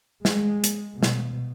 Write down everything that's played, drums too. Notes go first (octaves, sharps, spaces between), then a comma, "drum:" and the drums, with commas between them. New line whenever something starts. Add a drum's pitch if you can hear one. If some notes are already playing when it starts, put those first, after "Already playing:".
G#3, drum: snare
drum: hi-hat
B2
drum: snare